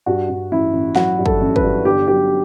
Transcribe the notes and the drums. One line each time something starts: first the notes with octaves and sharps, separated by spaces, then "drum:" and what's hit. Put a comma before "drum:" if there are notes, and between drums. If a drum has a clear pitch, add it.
G2 F#4
G2
A1 E4
A1
F#3 F#4, drum: snare
G2
A4, drum: kick
A1
B4, drum: kick
G2
G1 G4
F#3 G4